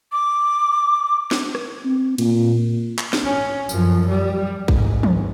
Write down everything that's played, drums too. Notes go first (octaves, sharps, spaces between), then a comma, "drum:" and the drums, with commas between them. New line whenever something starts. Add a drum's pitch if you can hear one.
D6
drum: snare
drum: rim click
C4
A#2, drum: cymbal
drum: clap
drum: snare
C#4
F#2 F3, drum: tambourine
G3
A1 G#2, drum: kick
drum: tom